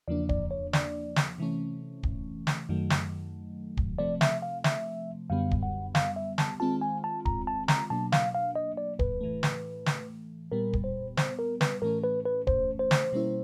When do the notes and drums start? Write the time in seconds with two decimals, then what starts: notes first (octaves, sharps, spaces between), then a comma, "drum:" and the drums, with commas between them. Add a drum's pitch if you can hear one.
0.08 E2 C#3 F3 A#3 D4 D5
0.29 D5, drum: kick
0.51 C#5
0.73 D5, drum: snare
1.16 drum: snare
1.38 C3 E3 A3 C#4
2.03 drum: kick
2.47 drum: snare
2.69 F#2 D#3 F#3 A3
2.90 drum: snare
3.77 drum: kick
3.99 C3 F3 A3 C4 D5
4.21 E5, drum: snare
4.42 F5
4.64 E5, drum: snare
5.30 F#2 D3 G3 B3 F5
5.51 drum: kick
5.63 F#5
5.95 F5, drum: snare
6.16 E5
6.38 A5, drum: snare
6.60 D#3 G#3 C4 F4 A5
6.81 G#5
7.04 A5
7.25 A#5, drum: kick
7.47 A5
7.68 A#5, drum: snare
7.90 B2 F#3 A#3 D4 A5
8.12 F5, drum: snare
8.35 F5
8.56 D#5
8.77 D5
8.99 B4, drum: kick
9.21 A2 E3 A3
9.43 drum: snare
9.86 drum: snare
10.52 A#2 G3 B3 A#4
10.73 drum: kick
10.84 C5
11.17 C5, drum: snare
11.39 A#4
11.61 B4, drum: snare
11.82 A2 E3 A3 C#4 A#4
12.04 B4
12.25 B4
12.47 C5, drum: kick
12.79 C5
12.91 drum: snare
13.12 B2 G3 A#3 C#4 E4